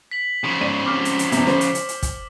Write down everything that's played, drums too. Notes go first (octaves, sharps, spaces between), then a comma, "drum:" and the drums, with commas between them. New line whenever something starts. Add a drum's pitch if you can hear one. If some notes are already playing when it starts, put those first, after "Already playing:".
B6 F#7
C#3 F3
G#2 D5 D#7
C4 C#4 D6 F6
drum: hi-hat
drum: hi-hat
E2 C3, drum: hi-hat
C5, drum: snare C#4
drum: hi-hat
drum: hi-hat
drum: hi-hat
drum: kick, hi-hat